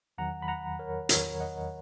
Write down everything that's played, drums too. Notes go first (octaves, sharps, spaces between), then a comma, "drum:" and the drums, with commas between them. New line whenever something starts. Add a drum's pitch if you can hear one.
E2 D#3 F#3 F#5 A#5
B5
F#5 A#5
A#4 C#5
E2 D#3 F#3 A#4 C#5, drum: hi-hat
D#5 F#5